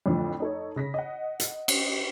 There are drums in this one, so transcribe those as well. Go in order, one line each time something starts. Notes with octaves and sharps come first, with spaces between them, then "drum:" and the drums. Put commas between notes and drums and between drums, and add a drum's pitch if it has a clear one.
F2 A2 D3 F3
D#4 A4 C#5
C#3 A#6 B6
D#5 F#5
drum: hi-hat
drum: cymbal